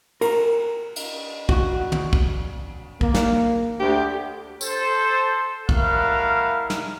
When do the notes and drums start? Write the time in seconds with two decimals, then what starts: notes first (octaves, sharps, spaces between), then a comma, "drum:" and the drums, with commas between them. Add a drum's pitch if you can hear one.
0.21 A#4, drum: cymbal
0.96 drum: cymbal
1.49 F#4, drum: kick
1.92 drum: tom
2.13 drum: kick
3.01 A#3, drum: kick
3.14 drum: snare
3.79 D2 G4
4.61 A4 C5, drum: tambourine
5.69 G3 A3 E4 A#4 F5 F#5, drum: kick
6.70 drum: snare